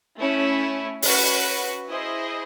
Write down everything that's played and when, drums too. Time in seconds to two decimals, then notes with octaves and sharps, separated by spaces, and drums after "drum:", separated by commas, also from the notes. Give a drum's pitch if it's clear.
0.18 A3 C#4 E4
1.02 C#4 F#4 B4, drum: open hi-hat
1.87 E4 G#4 C5 D#5